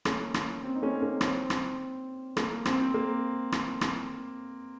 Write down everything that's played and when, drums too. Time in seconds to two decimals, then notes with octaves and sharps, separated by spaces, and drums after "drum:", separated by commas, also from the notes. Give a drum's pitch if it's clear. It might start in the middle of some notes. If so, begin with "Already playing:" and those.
0.05 A#3 C#4, drum: rim click
0.34 drum: rim click
0.63 C4
0.75 D#4
0.82 A#3 C#4
1.02 A#3 C#4
1.21 C4, drum: rim click
1.50 drum: rim click
2.37 A#3, drum: rim click
2.65 C4, drum: rim click
2.80 C4
2.94 A#3
3.52 drum: rim click
3.81 drum: rim click